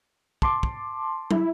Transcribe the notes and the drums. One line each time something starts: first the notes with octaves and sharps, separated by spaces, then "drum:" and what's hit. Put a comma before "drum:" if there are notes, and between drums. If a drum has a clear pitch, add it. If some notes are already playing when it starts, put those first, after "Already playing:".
A5 C6 D6, drum: kick
drum: kick
E4, drum: tom